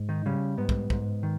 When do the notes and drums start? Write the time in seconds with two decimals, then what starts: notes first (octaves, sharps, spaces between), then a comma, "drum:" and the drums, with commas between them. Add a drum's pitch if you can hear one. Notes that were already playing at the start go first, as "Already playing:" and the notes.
Already playing: G#2
0.09 D#3 D#4
0.26 C#3 G3 C#4
0.58 G#2 B3
0.69 drum: kick
0.90 G#2, drum: kick
1.23 D#3